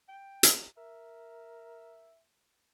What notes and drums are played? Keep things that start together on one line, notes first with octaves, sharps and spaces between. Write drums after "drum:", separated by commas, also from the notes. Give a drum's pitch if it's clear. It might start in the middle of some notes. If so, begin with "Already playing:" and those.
G5
drum: hi-hat
A#4 E5